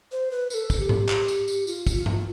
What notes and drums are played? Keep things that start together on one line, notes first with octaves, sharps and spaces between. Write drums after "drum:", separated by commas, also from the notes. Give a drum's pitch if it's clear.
C5
B4
B4, drum: tambourine
A4
drum: kick, tambourine
G4
drum: tom G#2
drum: clap
drum: tambourine
drum: tambourine
F4, drum: tambourine
drum: kick, tambourine
F4
drum: tom G2